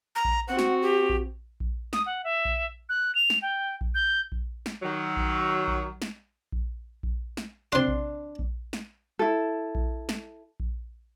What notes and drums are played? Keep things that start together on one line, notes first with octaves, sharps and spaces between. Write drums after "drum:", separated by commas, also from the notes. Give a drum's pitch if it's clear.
A#5
drum: kick A#1
C4 F#4 F#5
drum: snare
G4
drum: kick A#1
drum: kick A#1
D#6, drum: snare
F#5
E5
drum: kick A#1
F#6
F7
drum: snare
G5
drum: kick A#1
G6
drum: kick A#1
drum: snare
D#3 F#3
drum: kick A#1
drum: kick A#1
drum: snare
drum: kick A#1
drum: kick A#1
drum: snare
C3 D4 F4 C6
drum: kick A#1
drum: kick A#1
drum: snare
E4 A4
drum: kick A#1
drum: snare
drum: kick A#1